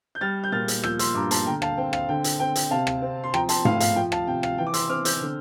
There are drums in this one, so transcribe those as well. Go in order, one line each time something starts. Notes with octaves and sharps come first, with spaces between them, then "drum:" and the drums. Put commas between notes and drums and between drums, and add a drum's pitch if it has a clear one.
G6
G3 F6 A6
G6
A#2 F6 A6
drum: hi-hat
F3 E6 G6, drum: rim click
C6 E6, drum: hi-hat
G2 A#5 D6
A5 C6, drum: hi-hat
D3 G5 A#5
F5 A5, drum: rim click
C4 G5
F5, drum: rim click
D3 G5
drum: hi-hat
C4 G5
drum: hi-hat
C3 F5 A5
drum: rim click
C4
C6
F3 G5 A#5, drum: rim click
A5 C6, drum: hi-hat
A2 F5, drum: tom G#2
F5, drum: hi-hat
F3 G5
F5 A5, drum: rim click
C3 G5
F5, drum: rim click
E3 G5
D6
C6 E6, drum: hi-hat
C4 D6 F6
E6 G6, drum: hi-hat
D3